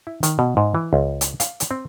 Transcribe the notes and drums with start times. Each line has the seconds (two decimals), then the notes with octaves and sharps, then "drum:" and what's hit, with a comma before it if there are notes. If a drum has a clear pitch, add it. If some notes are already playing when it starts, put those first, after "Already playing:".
0.07 E4
0.23 D#3, drum: hi-hat
0.39 B2
0.57 G#2
0.75 E3
0.93 C#2
1.21 drum: hi-hat
1.40 F5, drum: hi-hat
1.60 drum: hi-hat
1.71 C4